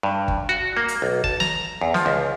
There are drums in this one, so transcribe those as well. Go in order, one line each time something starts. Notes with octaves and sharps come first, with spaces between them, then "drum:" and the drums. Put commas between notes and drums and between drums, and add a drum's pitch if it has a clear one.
G2
drum: kick G1
F#4
A#3
drum: hi-hat
B1
A5, drum: kick G1
A#5, drum: snare
E2
F3, drum: snare
C#2